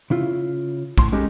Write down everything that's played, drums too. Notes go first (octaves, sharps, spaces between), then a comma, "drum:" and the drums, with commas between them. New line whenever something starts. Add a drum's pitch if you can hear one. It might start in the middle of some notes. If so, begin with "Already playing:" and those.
C#3 E4 F4
A2 C6, drum: kick
G#3 C#4 D#4 G4 A4